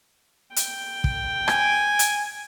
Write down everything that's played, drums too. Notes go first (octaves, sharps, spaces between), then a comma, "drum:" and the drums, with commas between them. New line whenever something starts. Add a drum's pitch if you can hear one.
G5, drum: hi-hat
drum: kick
G#5, drum: rim click
drum: hi-hat